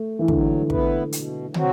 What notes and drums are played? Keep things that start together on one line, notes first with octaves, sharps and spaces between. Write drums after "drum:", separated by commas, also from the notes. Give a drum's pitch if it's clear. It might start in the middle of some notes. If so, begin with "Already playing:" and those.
Already playing: A3
E3
D3 F#3, drum: kick
B3 E4 B4, drum: kick
B2, drum: hi-hat
F#3 C4 F#4, drum: tom